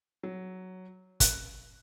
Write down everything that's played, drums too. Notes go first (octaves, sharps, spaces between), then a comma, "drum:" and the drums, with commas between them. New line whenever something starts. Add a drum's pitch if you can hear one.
F#3
F#6, drum: kick, hi-hat